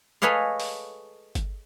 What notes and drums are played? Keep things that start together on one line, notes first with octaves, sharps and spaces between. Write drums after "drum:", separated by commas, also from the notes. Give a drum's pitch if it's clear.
G#4 A4 B4 C#5 D#5 F5
drum: open hi-hat
drum: kick G1, hi-hat